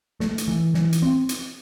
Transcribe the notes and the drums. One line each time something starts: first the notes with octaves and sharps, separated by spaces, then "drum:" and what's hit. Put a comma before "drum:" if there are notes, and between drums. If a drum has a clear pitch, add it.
A3, drum: snare
drum: hi-hat
E3
E3, drum: snare
drum: hi-hat
C4
drum: hi-hat